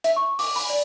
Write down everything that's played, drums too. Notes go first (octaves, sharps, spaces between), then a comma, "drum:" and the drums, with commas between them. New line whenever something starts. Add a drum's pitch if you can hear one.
E5, drum: hi-hat
C#6
D6, drum: open hi-hat
B5, drum: open hi-hat
D5